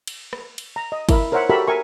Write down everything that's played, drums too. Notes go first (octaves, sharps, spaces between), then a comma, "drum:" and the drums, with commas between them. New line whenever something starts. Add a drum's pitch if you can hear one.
drum: cymbal
drum: rim click
drum: cymbal
A#5
D#5
E4 A#4, drum: kick, cymbal
A#4 C5 C#5 E5 F#5
F#4 G4 A4 A#4 E5 B5
A#4 E5 G#5 C#6